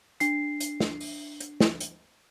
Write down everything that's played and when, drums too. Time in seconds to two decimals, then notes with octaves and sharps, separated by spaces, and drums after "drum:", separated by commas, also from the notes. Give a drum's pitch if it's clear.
0.20 D4 C7, drum: hi-hat
0.60 drum: hi-hat
0.80 drum: snare
1.00 drum: open hi-hat
1.40 drum: hi-hat
1.60 drum: snare
1.80 drum: hi-hat